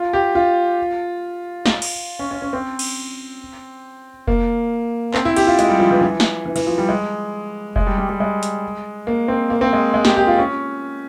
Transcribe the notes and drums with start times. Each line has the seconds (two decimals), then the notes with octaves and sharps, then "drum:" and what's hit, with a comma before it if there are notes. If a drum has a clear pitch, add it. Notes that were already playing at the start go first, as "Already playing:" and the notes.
Already playing: F4
0.13 G4
0.35 F4
1.66 drum: snare
1.82 drum: cymbal
2.19 C#4
2.31 C#4
2.42 C#4
2.53 C4
2.79 drum: cymbal
4.27 A#3, drum: kick F1
5.14 C4, drum: clap
5.25 E4
5.36 G4, drum: cymbal
5.47 F4
5.59 G#3, drum: hi-hat
5.69 G3
5.79 F3
5.91 E3
6.01 E3
6.20 drum: snare
6.46 E3
6.56 E3, drum: cymbal
6.67 F3
6.78 G3
6.89 G#3
7.76 G#3, drum: kick F1
7.87 G3
7.98 G3
8.09 G3
8.20 G#3
8.43 drum: hi-hat
9.07 A#3
9.28 C4
9.50 A#3
9.61 C4
9.73 G#3
9.94 G#3
10.05 G4, drum: snare
10.16 G4
10.27 F4
10.38 C#4